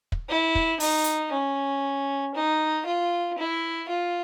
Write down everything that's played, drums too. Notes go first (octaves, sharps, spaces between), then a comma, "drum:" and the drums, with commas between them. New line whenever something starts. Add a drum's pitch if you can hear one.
drum: kick
E4
drum: kick
D#4, drum: open hi-hat
drum: hi-hat
C#4
D#4
F4
E4
F4